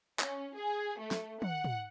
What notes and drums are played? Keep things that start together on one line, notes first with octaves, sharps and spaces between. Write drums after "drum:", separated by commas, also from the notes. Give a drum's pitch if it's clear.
C#4, drum: clap
G#4
A3
drum: snare
F#5, drum: tom
drum: tom